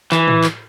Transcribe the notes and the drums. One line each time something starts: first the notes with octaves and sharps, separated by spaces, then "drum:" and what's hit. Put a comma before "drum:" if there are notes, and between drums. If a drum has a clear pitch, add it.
E3, drum: clap
drum: tom A2
drum: clap